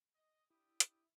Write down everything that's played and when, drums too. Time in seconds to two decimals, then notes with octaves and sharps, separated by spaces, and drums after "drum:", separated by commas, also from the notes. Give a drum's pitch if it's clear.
0.15 D#5
0.50 D4 E4 G4 D#6
0.80 drum: hi-hat